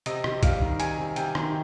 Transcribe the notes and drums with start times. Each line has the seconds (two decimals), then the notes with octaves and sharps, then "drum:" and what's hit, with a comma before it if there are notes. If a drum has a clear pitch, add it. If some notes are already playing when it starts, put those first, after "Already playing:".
0.06 C3 D#5, drum: hi-hat
0.24 C3, drum: rim click
0.43 G3 F5, drum: kick, hi-hat
0.62 D#3
0.80 C3 G#5, drum: hi-hat
0.98 C3
1.16 C3 G5, drum: hi-hat
1.35 D#3, drum: rim click